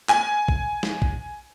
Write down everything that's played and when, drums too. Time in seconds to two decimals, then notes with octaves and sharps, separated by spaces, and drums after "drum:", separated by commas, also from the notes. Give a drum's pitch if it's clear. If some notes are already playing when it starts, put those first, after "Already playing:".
0.09 G#5, drum: clap
0.48 drum: kick
0.83 drum: snare
1.02 drum: kick